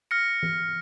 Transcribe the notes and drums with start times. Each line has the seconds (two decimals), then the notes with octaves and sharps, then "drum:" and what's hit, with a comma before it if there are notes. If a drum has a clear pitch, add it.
0.11 F6 A#6 C#7
0.43 drum: tom E3